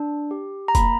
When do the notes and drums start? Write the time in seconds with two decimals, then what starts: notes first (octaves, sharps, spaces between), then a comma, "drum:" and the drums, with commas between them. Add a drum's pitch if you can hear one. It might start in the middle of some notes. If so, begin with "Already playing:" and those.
Already playing: D4
0.31 G4
0.68 A#5
0.75 A#3 B5, drum: kick, hi-hat